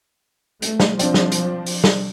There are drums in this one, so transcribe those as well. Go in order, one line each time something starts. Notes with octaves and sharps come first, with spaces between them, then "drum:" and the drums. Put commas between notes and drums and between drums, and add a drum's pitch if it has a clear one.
A3, drum: hi-hat
drum: snare
F3 C4 D4, drum: hi-hat
drum: snare
drum: hi-hat
drum: open hi-hat
drum: snare